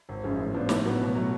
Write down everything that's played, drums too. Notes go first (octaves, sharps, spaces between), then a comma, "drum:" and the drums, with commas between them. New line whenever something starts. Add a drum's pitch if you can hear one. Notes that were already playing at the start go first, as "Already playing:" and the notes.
G#1
F#2 F3 G#3 C#4
A2
F3 B3 D4
A2, drum: snare
F#3 B3 F#4
B2
F#3 A3